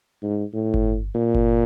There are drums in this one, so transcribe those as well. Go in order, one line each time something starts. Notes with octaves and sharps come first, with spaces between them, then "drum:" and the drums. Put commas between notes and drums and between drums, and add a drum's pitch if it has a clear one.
G#2
A2
drum: kick G1
A#2
drum: kick G1